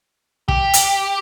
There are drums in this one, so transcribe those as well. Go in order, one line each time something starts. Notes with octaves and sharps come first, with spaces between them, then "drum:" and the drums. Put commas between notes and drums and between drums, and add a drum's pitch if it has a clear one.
G4, drum: kick
drum: hi-hat